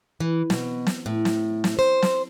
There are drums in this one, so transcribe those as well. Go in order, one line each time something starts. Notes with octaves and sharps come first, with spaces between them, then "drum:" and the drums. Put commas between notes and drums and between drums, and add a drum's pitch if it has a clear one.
E3
B2, drum: snare
drum: snare
A2
drum: snare
drum: snare
C5
drum: snare